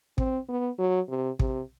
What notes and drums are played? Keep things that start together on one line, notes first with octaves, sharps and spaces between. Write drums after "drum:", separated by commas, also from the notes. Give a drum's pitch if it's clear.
C4, drum: kick
B3
F#3
C3
C3, drum: kick